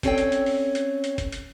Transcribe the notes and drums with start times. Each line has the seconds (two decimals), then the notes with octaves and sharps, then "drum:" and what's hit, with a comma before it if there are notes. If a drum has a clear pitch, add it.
0.03 C4 C#4 A4 C#5 D5 G5, drum: kick, hi-hat
0.18 drum: hi-hat
0.32 drum: hi-hat
0.46 drum: open hi-hat
0.75 drum: hi-hat
1.04 drum: hi-hat
1.18 drum: kick, hi-hat
1.32 drum: hi-hat